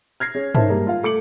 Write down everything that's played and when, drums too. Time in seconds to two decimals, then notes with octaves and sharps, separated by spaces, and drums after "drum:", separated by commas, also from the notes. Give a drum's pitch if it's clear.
0.20 F6 G#6 A#6 C7
0.35 C#4 G#4
0.55 C#4 D#4 A#4 C5 E5 A5, drum: tom
0.69 G3 G#3 A#3 G4 G#4
0.87 F4 F5
1.03 A3 D6 C#7 F#7